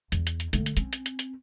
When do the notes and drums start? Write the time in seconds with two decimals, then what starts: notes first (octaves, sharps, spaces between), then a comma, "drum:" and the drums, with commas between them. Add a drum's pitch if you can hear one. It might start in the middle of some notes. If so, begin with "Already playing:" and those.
0.12 E2, drum: hi-hat
0.27 drum: hi-hat
0.40 drum: hi-hat
0.53 D3 A3, drum: hi-hat
0.66 drum: hi-hat
0.77 C4 C#4, drum: hi-hat
0.93 drum: hi-hat
1.06 drum: hi-hat
1.19 drum: hi-hat